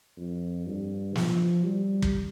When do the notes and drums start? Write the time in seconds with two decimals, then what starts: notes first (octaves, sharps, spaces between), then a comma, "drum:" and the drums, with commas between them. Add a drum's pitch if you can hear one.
0.17 F2
0.67 G2
1.15 F3, drum: snare
1.64 G3
2.02 drum: kick